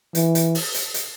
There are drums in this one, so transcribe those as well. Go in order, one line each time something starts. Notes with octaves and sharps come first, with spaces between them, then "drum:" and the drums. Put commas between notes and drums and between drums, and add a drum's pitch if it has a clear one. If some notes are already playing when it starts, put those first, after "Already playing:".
E3, drum: hi-hat
drum: hi-hat
drum: open hi-hat
drum: hi-hat
drum: hi-hat